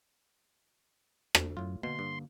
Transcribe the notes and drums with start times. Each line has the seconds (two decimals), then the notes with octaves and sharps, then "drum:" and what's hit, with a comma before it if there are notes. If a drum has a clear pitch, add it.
1.35 drum: rim click
1.57 F#2 A2 F4
1.83 B2 D3 A#3 C6
1.99 G2